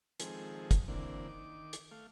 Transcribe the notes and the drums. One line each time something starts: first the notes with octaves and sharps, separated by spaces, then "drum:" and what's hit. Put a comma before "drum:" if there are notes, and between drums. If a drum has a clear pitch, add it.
D#3 F3 G#3 C4 G#4 A4, drum: hi-hat
drum: kick, hi-hat
D3 E3 A#3 C4 D4
D#3 D6
drum: hi-hat
A3 F5